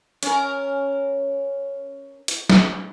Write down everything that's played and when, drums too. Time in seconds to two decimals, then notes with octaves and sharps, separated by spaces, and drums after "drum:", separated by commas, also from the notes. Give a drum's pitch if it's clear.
0.23 C#4 A#4, drum: hi-hat
2.28 drum: hi-hat
2.50 drum: snare